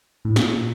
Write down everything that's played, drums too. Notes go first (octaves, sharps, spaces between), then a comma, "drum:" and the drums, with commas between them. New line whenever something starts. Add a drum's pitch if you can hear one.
A2
A#2, drum: snare